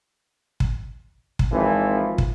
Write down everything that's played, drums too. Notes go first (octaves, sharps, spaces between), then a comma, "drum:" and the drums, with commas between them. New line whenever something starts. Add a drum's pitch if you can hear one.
drum: kick
drum: kick
G#1 E3 F3
drum: kick